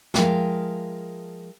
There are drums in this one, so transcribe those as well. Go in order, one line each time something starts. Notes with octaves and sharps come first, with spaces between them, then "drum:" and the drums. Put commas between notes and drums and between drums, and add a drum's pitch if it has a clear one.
F3 G#3 A#4 E5 F5 G5, drum: snare